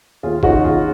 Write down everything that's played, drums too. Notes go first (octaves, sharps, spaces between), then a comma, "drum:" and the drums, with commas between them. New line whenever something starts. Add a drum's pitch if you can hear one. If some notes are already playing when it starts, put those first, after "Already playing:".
D#2 F4 G#4
F4
C#3 D#4 F#4, drum: kick G1
D#2 F4 G#4